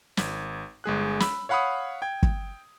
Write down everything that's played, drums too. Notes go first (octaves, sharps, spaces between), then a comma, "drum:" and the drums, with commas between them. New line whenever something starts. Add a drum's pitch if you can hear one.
G#1, drum: snare
G1 G#3 G#4 F#6
B5 E6, drum: snare
C#5 F5 F#5 B5 C#6 D#6
G5 G#6
drum: kick